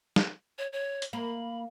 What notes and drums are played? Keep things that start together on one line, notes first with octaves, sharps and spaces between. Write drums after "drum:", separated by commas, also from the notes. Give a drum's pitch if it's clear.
drum: snare
C#5
C#5
drum: hi-hat
A#3 B5